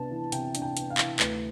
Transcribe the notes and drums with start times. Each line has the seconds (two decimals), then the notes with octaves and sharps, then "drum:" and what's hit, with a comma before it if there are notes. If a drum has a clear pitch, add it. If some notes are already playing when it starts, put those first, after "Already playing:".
Already playing: C3 B3 D4 A5
0.11 E3
0.32 C3 G5, drum: hi-hat
0.55 D4, drum: hi-hat
0.62 G5
0.77 B3, drum: hi-hat
0.90 F5
0.98 E3, drum: clap
1.19 D2 B4, drum: clap